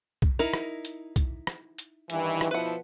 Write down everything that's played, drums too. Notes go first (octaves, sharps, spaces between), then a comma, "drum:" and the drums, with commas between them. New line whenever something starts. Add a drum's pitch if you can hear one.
drum: kick B1
D#4 E4 A#4
drum: rim click
drum: hi-hat
drum: kick B1, hi-hat
drum: rim click
drum: hi-hat
G2 D#3 E3, drum: hi-hat
drum: rim click
B2 F3 E4 B4 F#5